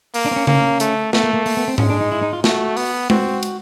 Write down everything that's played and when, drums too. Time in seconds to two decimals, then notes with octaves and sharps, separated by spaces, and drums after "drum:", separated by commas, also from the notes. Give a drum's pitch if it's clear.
0.14 A#3, drum: open hi-hat
0.26 D4
0.31 C4
0.36 C#4
0.47 A#3 C#4, drum: tom C#3
0.80 A3, drum: hi-hat
1.13 A3 B3, drum: snare
1.24 A#3
1.34 A#3
1.46 A#3, drum: open hi-hat
1.57 B3
1.68 C4
1.78 G#3 C#4, drum: tom G#2
1.90 D4
2.01 D#4
2.12 E4
2.22 D#4
2.33 F4
2.44 A3 F#4, drum: snare
2.77 B3, drum: open hi-hat
3.10 C4 F#4, drum: tom G#3
3.43 drum: hi-hat